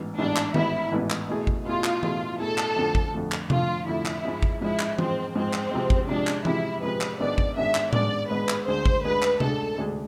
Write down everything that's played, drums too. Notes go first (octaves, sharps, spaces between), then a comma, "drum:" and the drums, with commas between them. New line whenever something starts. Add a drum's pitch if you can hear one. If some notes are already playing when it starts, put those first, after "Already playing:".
Already playing: A1 G#2 E3 B3
A1 G#2 E3 B3 D4
drum: clap
A1 G#2 E3 B3 E4, drum: tom D#3
A1 G#2 E3 B3
drum: clap
B2 A3 E4 G#4
drum: kick G#1
B2 A3 E4 F4 G#4
drum: clap
B2 A3 E4 G#4, drum: tom E3
B2 A3 E4 G#4 A4
drum: clap
F2 D3 F3 A3
drum: kick G#1
F2 D3 F3 A3
drum: clap
F2 D3 F3 A3 F4, drum: tom C3
F2 D3 F3 A3 E4
drum: clap
G#2 F3 G#3
drum: kick G#1
G#2 F3 G#3 E4
drum: clap
G#2 F3 G#3 C4, drum: tom E3
G#2 F3 G#3 C4
drum: clap
C3 F3 G#3
drum: kick G#1
C3 F3 G#3 D4
drum: clap
C3 F3 G#3 E4, drum: tom E3
C3 F3 G#3 B4
drum: clap
G#1 G#2 G#3 B3 D4 D5
drum: kick G#1
G#1 G#2 G#3 B3 D4 E5
drum: clap
G#1 G#2 G#3 B3 D4 D5, drum: tom A2
G#1 G#2 G#3 B3 D4 B4
drum: clap
D2 D3 G#3 D4 G#4 C5
drum: kick G#1
D2 D3 G#3 D4 G#4 B4
drum: clap
D2 D3 G#3 D4 G#4 A4, drum: tom C3
D2 D3 G#3 D4 G#4